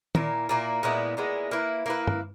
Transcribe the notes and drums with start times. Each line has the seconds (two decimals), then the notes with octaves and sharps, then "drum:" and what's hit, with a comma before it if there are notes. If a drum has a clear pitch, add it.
0.15 A#2 A#3 E4, drum: tom D#3
0.49 A#2 A#3 E4
0.83 A#2 G#3 B3 E4
1.17 A#2 G#3 B3 E4
1.51 A#3 E4 B4
1.86 A#3 E4 B4
2.07 drum: tom G2